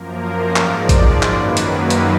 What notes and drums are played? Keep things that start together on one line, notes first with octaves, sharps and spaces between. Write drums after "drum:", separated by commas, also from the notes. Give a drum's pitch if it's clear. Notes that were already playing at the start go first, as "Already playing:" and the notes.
Already playing: F#2 F3 A#3 A#4
A#4
G#2 F3 G#3 D5, drum: clap
drum: kick, hi-hat
F#2 D#3 F#3 A#3 B4, drum: clap
drum: hi-hat
drum: hi-hat